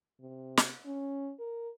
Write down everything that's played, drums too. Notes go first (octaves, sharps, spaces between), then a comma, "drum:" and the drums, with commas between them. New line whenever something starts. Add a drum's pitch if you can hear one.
C3
drum: snare
C#4
A#4